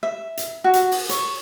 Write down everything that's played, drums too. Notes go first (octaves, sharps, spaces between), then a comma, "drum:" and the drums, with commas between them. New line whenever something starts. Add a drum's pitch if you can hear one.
E5
drum: hi-hat
F#4
drum: hi-hat
drum: open hi-hat
C#5, drum: hi-hat